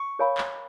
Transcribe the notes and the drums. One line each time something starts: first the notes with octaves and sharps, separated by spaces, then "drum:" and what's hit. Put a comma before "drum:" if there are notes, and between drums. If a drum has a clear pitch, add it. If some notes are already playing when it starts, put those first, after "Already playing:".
Already playing: C#6
A#4 C#5 F5 G#5 B5
drum: clap